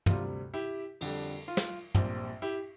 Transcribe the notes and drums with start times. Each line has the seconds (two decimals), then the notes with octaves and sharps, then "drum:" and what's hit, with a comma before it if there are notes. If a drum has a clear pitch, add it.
0.06 D2 C3 G3 C4 F4, drum: tom
0.54 E4 G4
1.01 F2 D3 G3, drum: cymbal
1.48 F4
1.57 drum: snare
1.95 A#1 A#2 G3 C4, drum: tom
2.42 E4 G4